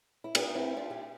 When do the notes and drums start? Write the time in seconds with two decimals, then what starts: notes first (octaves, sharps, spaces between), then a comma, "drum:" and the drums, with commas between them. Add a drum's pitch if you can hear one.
0.24 E4
0.35 B3 D4, drum: cymbal
0.55 C4 E4
0.77 D4 F4
0.90 E4 G4